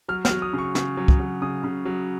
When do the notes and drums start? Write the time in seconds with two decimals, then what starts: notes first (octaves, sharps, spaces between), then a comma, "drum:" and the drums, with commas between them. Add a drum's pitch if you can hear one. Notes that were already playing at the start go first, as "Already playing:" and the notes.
0.08 F#3 F6
0.25 F6, drum: snare
0.30 F#3
0.42 D#6
0.53 C#3
0.58 C#6
0.75 C#3, drum: snare
0.97 F#3
1.08 drum: kick
1.20 F#3
1.42 C#3 D#6
1.64 C#3
1.85 F#3